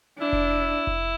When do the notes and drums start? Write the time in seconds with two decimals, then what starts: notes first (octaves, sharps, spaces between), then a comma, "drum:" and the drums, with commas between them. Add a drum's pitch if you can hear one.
0.19 D4 E4
0.33 drum: kick F1
0.87 drum: kick F1